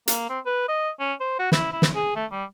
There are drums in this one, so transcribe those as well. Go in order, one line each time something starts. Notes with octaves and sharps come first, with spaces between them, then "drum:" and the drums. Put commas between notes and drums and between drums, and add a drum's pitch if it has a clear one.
A#3, drum: hi-hat
C4
B4
D#5
C#4
C5
F#4
E4, drum: snare
E4
drum: snare
G#4
A3
G3